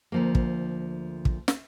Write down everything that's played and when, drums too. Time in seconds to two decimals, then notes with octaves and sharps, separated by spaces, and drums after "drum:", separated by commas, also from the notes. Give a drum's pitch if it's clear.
0.12 D2 F3 A#3
0.35 drum: kick
1.25 drum: kick
1.48 drum: snare